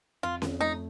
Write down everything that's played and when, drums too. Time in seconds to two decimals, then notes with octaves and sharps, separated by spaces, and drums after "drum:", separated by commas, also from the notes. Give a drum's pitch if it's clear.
0.23 F2 F4
0.42 F2, drum: snare C#4
0.60 A3 D#4